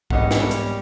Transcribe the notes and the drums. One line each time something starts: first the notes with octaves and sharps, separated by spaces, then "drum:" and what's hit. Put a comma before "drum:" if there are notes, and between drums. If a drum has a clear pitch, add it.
E1 G#2 G3 A#3 C#4 D#5 F#5, drum: kick
drum: snare
drum: hi-hat